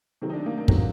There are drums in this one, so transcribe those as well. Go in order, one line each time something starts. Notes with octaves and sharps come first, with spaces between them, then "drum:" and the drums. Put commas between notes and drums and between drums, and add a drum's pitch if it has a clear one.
C3 D#3 F#3 C4
D#4
D4
A#3
A#3
C3 D#3 F#3 C4, drum: kick